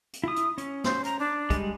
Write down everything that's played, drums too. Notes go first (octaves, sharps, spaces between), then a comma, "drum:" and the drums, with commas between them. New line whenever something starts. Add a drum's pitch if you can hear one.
drum: hi-hat
E4 D#6
drum: hi-hat
C#4, drum: hi-hat
C5, drum: snare
A#5, drum: hi-hat
D4
G3 G#3, drum: kick, hi-hat